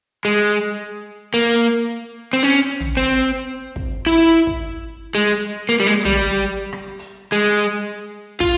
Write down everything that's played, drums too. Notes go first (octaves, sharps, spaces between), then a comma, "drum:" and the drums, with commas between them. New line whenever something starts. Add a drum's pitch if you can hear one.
G#3
A#3
C4
C#4
drum: tom
C4
drum: kick
E4
drum: kick
G#3
A#3
G3
G#3
G3, drum: tom
drum: rim click
drum: open hi-hat
G#3
F4, drum: kick